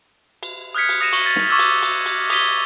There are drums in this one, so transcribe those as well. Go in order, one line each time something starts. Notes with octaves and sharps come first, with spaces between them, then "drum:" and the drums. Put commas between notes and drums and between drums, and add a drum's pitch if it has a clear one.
drum: cymbal
D#6 F6 F#6 G#6 B6 C#7
drum: cymbal
D#6 A#6 C#7 D#7 E7
C#6 F#7 G7, drum: cymbal
A6
drum: snare
C#6 D6 E6 G#6 A6
drum: cymbal
drum: cymbal
drum: cymbal
D#6 G#6 B6 D#7 G7, drum: cymbal